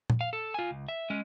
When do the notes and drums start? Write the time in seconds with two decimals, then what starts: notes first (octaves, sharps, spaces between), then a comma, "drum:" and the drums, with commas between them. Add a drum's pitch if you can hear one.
0.10 drum: tom A#2
0.21 F5
0.33 A4
0.54 F4 G#5
0.71 C#2
0.88 E5
1.10 G#3 C#4